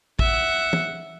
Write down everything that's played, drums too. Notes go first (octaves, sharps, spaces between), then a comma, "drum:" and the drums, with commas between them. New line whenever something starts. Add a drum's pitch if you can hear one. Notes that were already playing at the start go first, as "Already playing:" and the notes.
E5 F#5, drum: kick
drum: tom